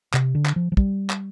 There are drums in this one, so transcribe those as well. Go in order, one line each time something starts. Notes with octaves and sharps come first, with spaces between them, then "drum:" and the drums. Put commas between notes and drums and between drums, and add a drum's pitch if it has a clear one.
C3, drum: clap
D3
drum: clap
F3
F3
G3, drum: kick
drum: clap